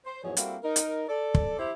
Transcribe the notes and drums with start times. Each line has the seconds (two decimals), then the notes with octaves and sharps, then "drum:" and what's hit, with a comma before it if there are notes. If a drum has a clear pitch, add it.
0.06 C5
0.23 E2 G#2 F3 F#3 G#4 C#5
0.37 G3 A#3 C4 E4 F#4 A4, drum: hi-hat
0.63 D#4 A#4
0.76 drum: hi-hat
1.09 A4 D5
1.35 drum: kick
1.59 E4 G4 C5